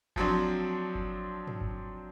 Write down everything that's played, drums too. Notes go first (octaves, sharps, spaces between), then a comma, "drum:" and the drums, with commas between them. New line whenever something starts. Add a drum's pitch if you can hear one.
F3 F#3 C4 D4, drum: kick G1
drum: kick G1
drum: tom
drum: kick G1